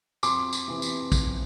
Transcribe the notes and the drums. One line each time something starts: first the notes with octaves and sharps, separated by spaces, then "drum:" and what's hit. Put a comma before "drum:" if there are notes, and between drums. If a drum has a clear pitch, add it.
F2 C6 D6, drum: tambourine
drum: tambourine
C3 E3
drum: tambourine
drum: kick, tambourine